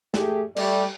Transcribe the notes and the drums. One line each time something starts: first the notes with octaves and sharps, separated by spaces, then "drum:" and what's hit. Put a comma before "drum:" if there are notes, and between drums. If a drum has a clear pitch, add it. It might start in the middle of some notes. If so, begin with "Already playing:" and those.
A3 G4 G#4, drum: snare
G3 A3 D5, drum: cymbal